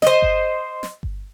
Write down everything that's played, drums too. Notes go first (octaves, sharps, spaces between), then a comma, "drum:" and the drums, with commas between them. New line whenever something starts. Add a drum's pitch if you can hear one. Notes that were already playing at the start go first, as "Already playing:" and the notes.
C5 D#5, drum: snare
drum: kick G1
drum: snare
drum: kick G1